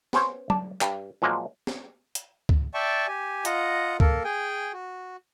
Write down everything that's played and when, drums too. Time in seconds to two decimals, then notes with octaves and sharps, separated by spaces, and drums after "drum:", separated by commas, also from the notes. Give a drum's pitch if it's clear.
0.13 B3 C#4 C5 C#5, drum: snare
0.50 D5 A5, drum: tom F#3
0.81 G2, drum: clap
1.22 A#2 F3 F#3 G#3 A#3
1.67 drum: snare
2.15 drum: hi-hat
2.49 drum: kick C#2
2.74 D5 E5 G5 A5 C#6
3.08 G4 G#5
3.45 F4 D#5 F#5 A#5, drum: hi-hat
4.00 A#3 A4 A#4, drum: kick C#2
4.24 G#4 G5 G#5
4.73 F#4